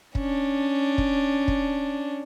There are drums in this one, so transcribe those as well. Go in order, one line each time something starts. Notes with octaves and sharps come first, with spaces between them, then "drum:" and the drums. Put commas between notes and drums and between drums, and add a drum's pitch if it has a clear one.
C#4 D4, drum: kick
drum: kick
drum: kick